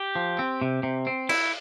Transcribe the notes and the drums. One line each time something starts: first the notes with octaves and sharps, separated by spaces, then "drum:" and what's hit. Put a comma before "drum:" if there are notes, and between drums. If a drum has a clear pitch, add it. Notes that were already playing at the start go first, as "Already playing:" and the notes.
Already playing: G4
F3
C4
C3
C3
C4
E4, drum: cymbal